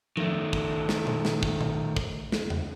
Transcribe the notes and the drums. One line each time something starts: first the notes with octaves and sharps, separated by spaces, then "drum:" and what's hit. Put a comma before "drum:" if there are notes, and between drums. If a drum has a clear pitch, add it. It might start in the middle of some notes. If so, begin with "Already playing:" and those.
D#3 A3, drum: tom F3
drum: kick
drum: snare
drum: tom A#2
drum: snare
drum: kick
drum: tom A#2
drum: kick
drum: snare
drum: tom E2